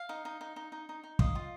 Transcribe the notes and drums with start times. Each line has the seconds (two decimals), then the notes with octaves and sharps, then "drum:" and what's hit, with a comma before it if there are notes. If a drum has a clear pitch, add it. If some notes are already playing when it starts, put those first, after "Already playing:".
Already playing: F5
0.09 D#4
0.25 D#4
0.41 D#4
0.56 D#4
0.72 D#4
0.89 D#4
1.04 D#4
1.19 D#5 F5, drum: kick
1.35 F4